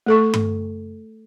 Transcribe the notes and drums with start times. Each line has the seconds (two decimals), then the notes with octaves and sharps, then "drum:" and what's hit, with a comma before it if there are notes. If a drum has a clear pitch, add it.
0.07 A3 A4 C#6
0.34 drum: tom G2